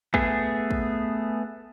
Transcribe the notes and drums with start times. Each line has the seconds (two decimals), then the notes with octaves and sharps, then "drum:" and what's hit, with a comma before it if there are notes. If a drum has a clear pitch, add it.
0.14 A3 B3 G#4, drum: kick
0.71 drum: kick